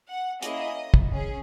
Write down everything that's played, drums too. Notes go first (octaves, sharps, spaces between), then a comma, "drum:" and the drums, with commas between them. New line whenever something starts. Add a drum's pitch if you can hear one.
F#5
A#3 C#4 E4 G#4 D#5, drum: hi-hat
drum: kick
C#4 G#4